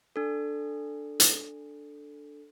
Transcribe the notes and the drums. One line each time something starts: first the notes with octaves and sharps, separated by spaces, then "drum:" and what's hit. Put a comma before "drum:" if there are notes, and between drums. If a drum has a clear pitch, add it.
D4 A4
drum: hi-hat